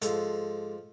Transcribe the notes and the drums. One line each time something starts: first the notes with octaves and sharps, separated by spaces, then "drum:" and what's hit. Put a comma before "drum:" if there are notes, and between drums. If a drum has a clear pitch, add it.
G#2 F3 A4, drum: hi-hat